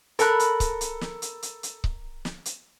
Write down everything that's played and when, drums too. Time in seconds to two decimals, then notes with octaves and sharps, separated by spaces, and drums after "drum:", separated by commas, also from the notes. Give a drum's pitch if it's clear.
0.19 A4 A#4 B5 F#6, drum: hi-hat
0.40 drum: hi-hat
0.60 drum: kick C#1, hi-hat
0.81 drum: hi-hat
1.01 drum: snare
1.22 drum: hi-hat
1.43 drum: hi-hat
1.63 drum: hi-hat
1.84 drum: kick C#1
2.25 drum: snare
2.45 drum: hi-hat